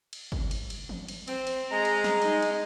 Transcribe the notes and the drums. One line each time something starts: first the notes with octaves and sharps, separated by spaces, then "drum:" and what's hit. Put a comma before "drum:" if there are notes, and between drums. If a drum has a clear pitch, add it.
drum: cymbal
drum: kick
drum: cymbal
drum: cymbal
drum: tom E3
drum: cymbal
C4, drum: cymbal
drum: cymbal
G#3 A#5
drum: cymbal
drum: snare
D#4, drum: cymbal
drum: cymbal